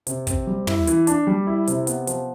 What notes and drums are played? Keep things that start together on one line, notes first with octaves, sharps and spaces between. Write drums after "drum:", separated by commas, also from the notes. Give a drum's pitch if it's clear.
C3, drum: hi-hat
C4, drum: kick, hi-hat
G3
E4, drum: tom
E3, drum: hi-hat
D4, drum: hi-hat
G3
E4
C3, drum: hi-hat
B3, drum: hi-hat
F3, drum: hi-hat